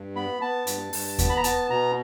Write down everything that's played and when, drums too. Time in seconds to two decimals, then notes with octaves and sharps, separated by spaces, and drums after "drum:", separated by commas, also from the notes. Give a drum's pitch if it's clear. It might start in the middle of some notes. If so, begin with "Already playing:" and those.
Already playing: G2
0.16 B3 B5
0.42 B3 A5
0.67 G2, drum: hi-hat
0.93 G2, drum: open hi-hat
1.19 B3, drum: kick D#2, hi-hat
1.29 B5
1.37 A#5
1.44 B3 A5, drum: hi-hat
1.70 B2 A#5